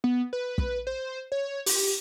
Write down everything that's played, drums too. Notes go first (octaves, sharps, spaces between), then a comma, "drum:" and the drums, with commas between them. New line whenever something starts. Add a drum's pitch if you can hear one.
B3
B4
drum: kick
C5
C#5
G4, drum: open hi-hat